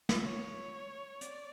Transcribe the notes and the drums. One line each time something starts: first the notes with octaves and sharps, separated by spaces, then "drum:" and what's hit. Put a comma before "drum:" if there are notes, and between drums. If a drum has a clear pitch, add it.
drum: snare
C#5
D5, drum: hi-hat